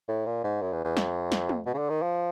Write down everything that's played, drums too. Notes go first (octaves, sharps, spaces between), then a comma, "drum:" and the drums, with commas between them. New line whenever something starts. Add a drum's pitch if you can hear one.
A2
A#2
G#2
F#2
E2
E2
F2, drum: snare
drum: snare
drum: tom
B2
C#3
D3
D#3
F3